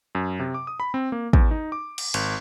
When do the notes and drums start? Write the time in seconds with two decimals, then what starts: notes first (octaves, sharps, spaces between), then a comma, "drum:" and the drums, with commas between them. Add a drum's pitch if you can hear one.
0.15 F#2
0.40 C3
0.54 D6
0.67 D#6
0.80 B5
0.94 C4
1.12 A#3
1.33 E2, drum: kick
1.51 D#4
1.72 D6
1.98 drum: cymbal
2.14 G#1, drum: cymbal